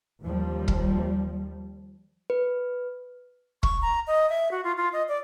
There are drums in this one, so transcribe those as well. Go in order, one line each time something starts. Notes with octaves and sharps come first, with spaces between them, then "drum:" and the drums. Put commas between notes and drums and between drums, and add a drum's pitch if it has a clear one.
D#2 F3 G3
drum: kick
B4
C#6, drum: kick
A#5
D#5
E5
F#4
F4
F4
D#5
D5